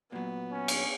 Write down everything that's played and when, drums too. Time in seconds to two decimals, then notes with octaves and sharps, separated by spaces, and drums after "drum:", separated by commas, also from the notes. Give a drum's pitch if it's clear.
0.12 A#2 F#3 B3
0.52 C#4
0.68 drum: cymbal